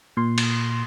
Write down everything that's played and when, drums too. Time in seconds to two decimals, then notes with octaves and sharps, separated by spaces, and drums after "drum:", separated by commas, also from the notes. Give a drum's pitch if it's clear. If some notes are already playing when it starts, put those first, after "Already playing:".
0.17 A#2 C6
0.38 drum: cymbal